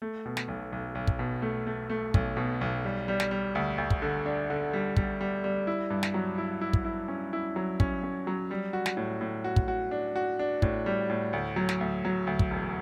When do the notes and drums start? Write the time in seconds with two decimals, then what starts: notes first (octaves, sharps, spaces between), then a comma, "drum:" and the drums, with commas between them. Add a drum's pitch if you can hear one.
0.02 A3
0.25 B2
0.37 drum: snare
0.48 B1
0.72 B1
0.95 B1
1.07 drum: kick
1.19 B2
1.42 A3
1.67 A3
1.90 A3
2.14 B1, drum: kick
2.37 B2
2.61 B1
2.84 G3
3.08 G3
3.20 drum: snare
3.31 G3
3.55 D2
3.78 D2
3.90 drum: kick
4.02 D3
4.26 D4
4.50 D3
4.73 G3
4.97 G3, drum: kick
5.21 G3
5.44 G3
5.67 E4
5.90 G2
6.03 drum: snare
6.14 F#3
6.38 E4
6.61 E4
6.73 drum: kick
6.85 E4
7.08 C#4
7.33 E4
7.56 F#3
7.80 C#4, drum: kick
8.03 C#4
8.27 F#3
8.51 G3
8.73 F#4
8.86 drum: snare
8.97 A2
9.21 A2
9.44 F#4
9.56 drum: kick
9.68 F#4
9.91 D4
10.16 F#4
10.39 D4
10.62 A2, drum: kick
10.86 G3
11.10 A2
11.33 D2
11.56 F#3
11.69 drum: snare
11.81 D2
12.05 F#3
12.27 D2
12.39 drum: kick
12.51 E1